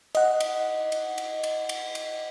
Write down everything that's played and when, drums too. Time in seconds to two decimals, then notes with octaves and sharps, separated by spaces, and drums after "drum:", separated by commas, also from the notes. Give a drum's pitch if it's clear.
0.15 D#5 F#5, drum: cymbal
0.40 drum: cymbal
0.92 drum: cymbal
1.18 drum: cymbal
1.44 drum: cymbal
1.69 drum: cymbal
1.95 drum: cymbal